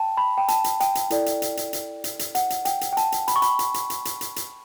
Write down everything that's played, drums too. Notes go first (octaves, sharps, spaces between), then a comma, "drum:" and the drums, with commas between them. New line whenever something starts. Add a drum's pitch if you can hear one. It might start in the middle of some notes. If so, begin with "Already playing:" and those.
Already playing: G5 A5
B5
G5
A5, drum: hi-hat
drum: hi-hat
G5, drum: hi-hat
drum: hi-hat
E4 A4 D5, drum: hi-hat
drum: hi-hat
drum: hi-hat
drum: hi-hat
drum: hi-hat
drum: hi-hat
drum: hi-hat
F#5, drum: hi-hat
drum: hi-hat
G5, drum: hi-hat
drum: hi-hat
G5
A5, drum: hi-hat
drum: hi-hat
B5, drum: hi-hat
C#6
B5, drum: hi-hat
drum: hi-hat
drum: hi-hat
drum: hi-hat
drum: hi-hat
drum: hi-hat
drum: hi-hat